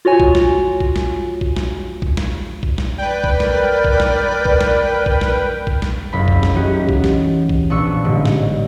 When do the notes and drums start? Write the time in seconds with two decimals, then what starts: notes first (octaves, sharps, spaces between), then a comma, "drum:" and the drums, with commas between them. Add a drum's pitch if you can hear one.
0.05 F4 F#4 C#5 G#5
0.20 drum: kick A#1
0.35 drum: snare
0.80 drum: kick A#1
0.96 drum: snare
1.41 drum: kick A#1
1.56 drum: snare
2.02 drum: kick A#1
2.17 drum: snare
2.63 drum: kick A#1
2.78 drum: snare
2.98 B4 D5 G5
3.24 drum: kick A#1
3.40 A#4, drum: snare
3.85 drum: kick A#1
4.00 drum: snare
4.45 drum: kick A#1
4.61 drum: snare
5.06 drum: kick A#1
5.21 drum: snare
5.67 drum: kick A#1
5.82 drum: snare
6.13 F#1 B5
6.28 drum: kick A#1
6.43 drum: snare
6.54 E3 C#4 D#4 F#4 G4
6.89 drum: kick A#1
7.04 drum: snare
7.49 drum: kick A#1
7.70 A#1 B3 D4 C#6 E6
8.04 A1 G#2 D3
8.25 drum: snare